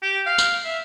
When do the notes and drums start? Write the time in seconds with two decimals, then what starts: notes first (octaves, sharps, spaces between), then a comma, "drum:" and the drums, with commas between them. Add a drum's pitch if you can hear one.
0.03 G4
0.26 F5
0.38 drum: tambourine
0.65 E5